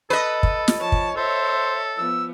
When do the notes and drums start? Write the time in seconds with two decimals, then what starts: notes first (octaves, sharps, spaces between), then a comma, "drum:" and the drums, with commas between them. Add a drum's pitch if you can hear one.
0.10 A4 B4 D#5
0.43 drum: kick
0.68 drum: snare
0.80 F3 C#5 A5
0.92 drum: kick
1.17 A4 C5 C#5 E5
1.98 F3 B3 E6